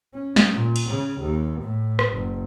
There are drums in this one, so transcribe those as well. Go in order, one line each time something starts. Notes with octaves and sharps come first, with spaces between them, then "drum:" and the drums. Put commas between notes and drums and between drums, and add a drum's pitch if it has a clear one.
C#4
drum: snare
A#2
drum: cymbal
C#3
D#2
A2
drum: rim click
F#1